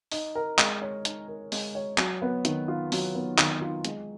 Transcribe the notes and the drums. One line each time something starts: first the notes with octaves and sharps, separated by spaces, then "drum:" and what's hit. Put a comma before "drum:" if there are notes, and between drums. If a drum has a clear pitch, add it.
D#4, drum: open hi-hat
A#4
G#3, drum: clap
C#5
D#4, drum: hi-hat
A#4
G#3, drum: open hi-hat
C#5
F#3, drum: clap
B3
D#3, drum: hi-hat
F4
F#3, drum: open hi-hat
B3
D#3, drum: clap
F4
G#3, drum: hi-hat